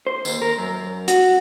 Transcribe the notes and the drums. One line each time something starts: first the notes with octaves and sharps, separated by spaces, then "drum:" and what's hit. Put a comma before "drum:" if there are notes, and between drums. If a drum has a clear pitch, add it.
C5
D#2, drum: tambourine
A#4
F#2
F#4, drum: hi-hat